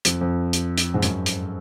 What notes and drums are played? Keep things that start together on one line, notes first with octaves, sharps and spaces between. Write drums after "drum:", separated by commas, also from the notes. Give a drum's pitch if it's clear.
F2, drum: hi-hat
F2
drum: hi-hat
drum: hi-hat
G#2
F#2, drum: hi-hat
drum: hi-hat